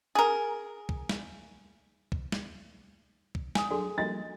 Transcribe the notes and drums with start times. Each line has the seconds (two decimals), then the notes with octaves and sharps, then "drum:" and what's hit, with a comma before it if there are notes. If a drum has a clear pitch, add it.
0.15 G#4 A#4
0.89 drum: kick
1.09 drum: snare
2.12 drum: kick
2.32 drum: snare
3.35 drum: kick
3.55 G#5 D#6, drum: snare
3.70 F#3 D4 F#4 G#4 A4 C6
3.98 F3 G3 A#3 D4 F#4 D#5 A6